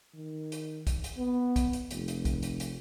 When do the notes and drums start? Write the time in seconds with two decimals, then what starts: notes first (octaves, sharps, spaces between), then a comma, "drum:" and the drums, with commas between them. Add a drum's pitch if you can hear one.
0.14 D#3
0.52 drum: hi-hat
0.87 drum: kick, hi-hat
1.04 drum: hi-hat
1.18 B3
1.56 drum: kick, hi-hat
1.73 drum: hi-hat
1.91 F1, drum: hi-hat
2.08 drum: hi-hat
2.25 drum: kick, hi-hat
2.43 drum: hi-hat
2.60 drum: hi-hat